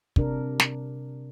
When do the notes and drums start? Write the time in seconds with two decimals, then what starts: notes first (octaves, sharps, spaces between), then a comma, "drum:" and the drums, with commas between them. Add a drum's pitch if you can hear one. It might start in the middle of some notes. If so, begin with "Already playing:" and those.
0.16 C3 D4 A#4, drum: kick
0.60 drum: snare